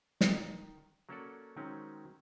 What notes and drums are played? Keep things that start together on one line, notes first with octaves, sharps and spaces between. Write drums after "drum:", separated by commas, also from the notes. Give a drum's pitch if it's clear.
D#3, drum: snare
F#3 A#3 C#4 F#4 A4 D5
D#3 F#3 G#3 C4 C#4